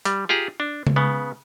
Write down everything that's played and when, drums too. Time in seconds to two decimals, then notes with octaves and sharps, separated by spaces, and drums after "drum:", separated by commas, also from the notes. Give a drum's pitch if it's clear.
0.05 G3, drum: hi-hat
0.29 F4 G4 G#4 A#5
0.60 D4
0.87 drum: tom C#3
0.96 C#3 B3